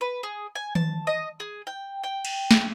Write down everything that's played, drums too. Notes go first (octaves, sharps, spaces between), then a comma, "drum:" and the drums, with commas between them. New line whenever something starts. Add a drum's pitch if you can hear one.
B4
G#4
G#5
A5, drum: tom D#3
D#5
G#4
G5
G5
drum: cymbal
drum: snare